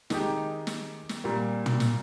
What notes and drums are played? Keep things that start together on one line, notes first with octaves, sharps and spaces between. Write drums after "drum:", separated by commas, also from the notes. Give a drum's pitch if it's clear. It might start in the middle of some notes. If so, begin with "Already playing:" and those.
D#3 G#3 D#4 G4, drum: snare
drum: snare
drum: snare
A#2 G3 A#3
drum: tom
drum: snare